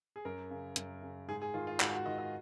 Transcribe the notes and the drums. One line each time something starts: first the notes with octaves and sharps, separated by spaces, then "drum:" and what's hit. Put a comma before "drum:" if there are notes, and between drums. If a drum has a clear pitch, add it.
G#4
F#2 A#4
C#3
F#2, drum: hi-hat
C#3
G#2 G#4
G#4
D#3 F4
F4
G#2 F#4, drum: clap
F#4
D#3 D#5
D#5